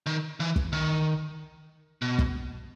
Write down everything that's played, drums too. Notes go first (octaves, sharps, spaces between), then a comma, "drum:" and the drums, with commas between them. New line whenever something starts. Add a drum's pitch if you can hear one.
D#3
E3
drum: kick
D#3
B2
drum: kick